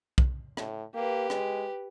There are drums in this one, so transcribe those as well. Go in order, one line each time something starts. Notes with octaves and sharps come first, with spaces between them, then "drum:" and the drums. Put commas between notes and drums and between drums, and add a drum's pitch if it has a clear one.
drum: kick
A2, drum: rim click
A#3 G4 B4
G#3, drum: rim click